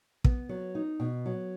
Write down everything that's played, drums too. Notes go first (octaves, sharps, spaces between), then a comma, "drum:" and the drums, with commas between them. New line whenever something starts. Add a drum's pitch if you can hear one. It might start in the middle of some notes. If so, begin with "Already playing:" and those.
B3, drum: kick
F#3
D#4
B2
F#3